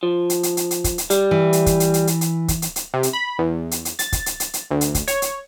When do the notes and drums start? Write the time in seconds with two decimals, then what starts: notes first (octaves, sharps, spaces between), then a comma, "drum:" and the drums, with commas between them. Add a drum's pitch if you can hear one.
0.03 F3
0.30 drum: hi-hat
0.43 drum: hi-hat
0.57 drum: hi-hat
0.71 drum: hi-hat
0.84 drum: kick, hi-hat
0.98 drum: hi-hat
1.10 G3, drum: hi-hat
1.31 E3
1.53 drum: hi-hat
1.66 drum: kick, hi-hat
1.80 drum: hi-hat
1.94 drum: hi-hat
2.07 drum: hi-hat
2.21 drum: hi-hat
2.48 drum: kick, hi-hat
2.62 drum: hi-hat
2.76 drum: hi-hat
2.94 C3
3.03 drum: hi-hat
3.13 B5
3.39 E2
3.71 drum: hi-hat
3.85 drum: hi-hat
3.99 A6, drum: hi-hat
4.12 drum: kick, hi-hat
4.26 drum: hi-hat
4.40 drum: hi-hat
4.53 drum: hi-hat
4.71 D2
4.81 drum: hi-hat
4.95 drum: kick, hi-hat
5.08 C#5, drum: hi-hat
5.22 drum: hi-hat